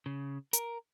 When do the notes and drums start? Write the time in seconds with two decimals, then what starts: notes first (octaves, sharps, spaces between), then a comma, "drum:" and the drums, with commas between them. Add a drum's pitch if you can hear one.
0.06 C#3
0.53 A#4, drum: hi-hat